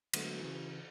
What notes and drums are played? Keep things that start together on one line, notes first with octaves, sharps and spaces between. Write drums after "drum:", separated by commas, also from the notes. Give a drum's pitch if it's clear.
D3 F#3 G#3 A3 B3 D4, drum: cymbal
C#3 E3